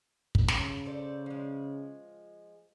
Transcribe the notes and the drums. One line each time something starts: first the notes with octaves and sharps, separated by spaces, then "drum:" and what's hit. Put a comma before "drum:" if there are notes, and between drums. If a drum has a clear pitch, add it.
drum: kick
C#3, drum: snare
A4 C5 D5
F3 G#3